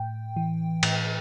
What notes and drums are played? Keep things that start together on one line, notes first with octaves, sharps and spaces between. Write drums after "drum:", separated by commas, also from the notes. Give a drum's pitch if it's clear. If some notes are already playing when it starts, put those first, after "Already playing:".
Already playing: A2 G5
E3
A2, drum: cymbal